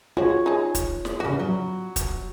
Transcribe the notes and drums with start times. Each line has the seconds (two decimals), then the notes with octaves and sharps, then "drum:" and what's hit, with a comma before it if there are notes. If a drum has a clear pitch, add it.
0.17 F4 F#4 G#4 C#5
0.46 D#4 G#4
0.75 drum: kick, hi-hat
1.05 drum: snare
1.20 E2 C#3 F#4
1.39 F#3
1.96 drum: kick, hi-hat